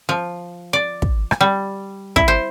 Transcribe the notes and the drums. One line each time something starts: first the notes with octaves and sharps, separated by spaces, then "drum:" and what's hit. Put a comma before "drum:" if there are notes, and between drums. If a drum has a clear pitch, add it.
F3
D5
drum: kick
drum: rim click
G3
E4, drum: kick
C5